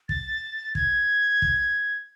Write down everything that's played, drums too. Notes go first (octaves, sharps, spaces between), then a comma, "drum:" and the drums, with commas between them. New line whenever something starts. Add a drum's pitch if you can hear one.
A6, drum: kick
G#6, drum: kick
drum: kick